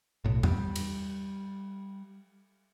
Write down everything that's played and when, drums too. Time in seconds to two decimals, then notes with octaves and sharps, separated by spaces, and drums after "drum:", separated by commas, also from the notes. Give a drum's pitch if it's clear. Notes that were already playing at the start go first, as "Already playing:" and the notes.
0.25 B1 A2
0.43 G3, drum: tom E2
0.76 drum: cymbal